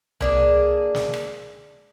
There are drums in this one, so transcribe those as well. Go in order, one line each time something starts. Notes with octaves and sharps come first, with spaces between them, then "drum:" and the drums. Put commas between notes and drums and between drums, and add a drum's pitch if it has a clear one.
A#3 D4 G#4, drum: tom C2
drum: snare
drum: rim click